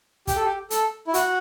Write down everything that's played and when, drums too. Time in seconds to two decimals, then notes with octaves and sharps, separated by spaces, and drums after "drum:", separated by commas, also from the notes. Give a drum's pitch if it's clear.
0.27 G4, drum: kick, hi-hat
0.36 A4
0.44 G4
0.70 A4, drum: hi-hat
1.07 E4
1.14 F#4, drum: hi-hat